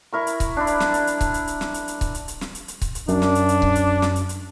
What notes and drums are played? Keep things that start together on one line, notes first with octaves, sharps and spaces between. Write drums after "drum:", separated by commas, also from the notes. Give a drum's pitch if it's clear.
E4 A#4 C#6
drum: hi-hat
drum: kick C#1, hi-hat
D4 E4
drum: hi-hat
drum: snare
drum: hi-hat
drum: hi-hat
drum: kick C#1, hi-hat
drum: hi-hat
drum: hi-hat
drum: snare
drum: hi-hat
drum: hi-hat
drum: kick C#1, hi-hat
drum: hi-hat
drum: hi-hat
drum: snare
drum: hi-hat
drum: hi-hat
drum: kick C#1, hi-hat
drum: hi-hat
F#2 D4, drum: hi-hat
drum: snare
drum: hi-hat
drum: hi-hat
drum: kick C#1
drum: hi-hat
drum: snare
drum: hi-hat
drum: hi-hat